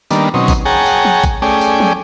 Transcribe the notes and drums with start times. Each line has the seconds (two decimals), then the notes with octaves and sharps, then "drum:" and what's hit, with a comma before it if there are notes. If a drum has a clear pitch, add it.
0.11 D#3 G3 A#3 B3 D4, drum: tambourine
0.34 B2 F#3 C4 C#4 D#4
0.48 drum: kick A1, tambourine
0.65 G#4 C#5 F#5 G5 A5 A#5
0.86 drum: tambourine
1.05 drum: tom F3
1.24 drum: kick A1, tambourine
1.42 A3 C#4 G#4 D5 G5
1.61 drum: tambourine
1.80 drum: tom F3